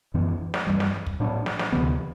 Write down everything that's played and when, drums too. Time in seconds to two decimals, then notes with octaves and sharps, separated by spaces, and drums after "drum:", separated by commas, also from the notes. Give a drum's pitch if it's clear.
0.14 F#2 E3 B3
0.54 drum: snare
0.67 G2 E3 G3
0.80 drum: snare
1.07 drum: kick
1.20 A2 F#3 B3 D4
1.46 drum: snare
1.59 drum: snare
1.72 D2 C3 E3 B3